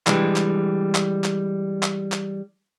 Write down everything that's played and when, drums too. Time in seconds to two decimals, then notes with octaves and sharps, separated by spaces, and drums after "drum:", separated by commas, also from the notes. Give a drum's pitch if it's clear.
0.07 E3 G3 G#3 D4, drum: clap
0.36 drum: clap
0.95 drum: clap
1.24 drum: clap
1.83 drum: clap
2.12 drum: clap